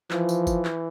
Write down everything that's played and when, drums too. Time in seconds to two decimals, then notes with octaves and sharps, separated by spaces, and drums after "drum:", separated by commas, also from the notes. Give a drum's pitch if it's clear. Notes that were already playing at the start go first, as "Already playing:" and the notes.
0.11 E3 F3, drum: clap
0.29 drum: tambourine
0.47 drum: kick F#1, tambourine
0.65 drum: clap